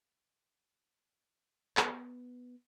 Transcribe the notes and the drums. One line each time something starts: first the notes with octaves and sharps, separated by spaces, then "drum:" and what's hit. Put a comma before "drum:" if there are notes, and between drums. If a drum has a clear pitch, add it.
B3, drum: clap